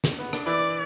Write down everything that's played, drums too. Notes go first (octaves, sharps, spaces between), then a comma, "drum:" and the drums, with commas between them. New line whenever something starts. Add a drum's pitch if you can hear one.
drum: snare
B3
D4, drum: rim click
E3 E4 D5